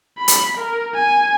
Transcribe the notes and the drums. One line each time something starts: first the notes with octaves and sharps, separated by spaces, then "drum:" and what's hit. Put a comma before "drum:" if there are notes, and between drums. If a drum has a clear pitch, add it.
B5
drum: hi-hat
A#4
G#5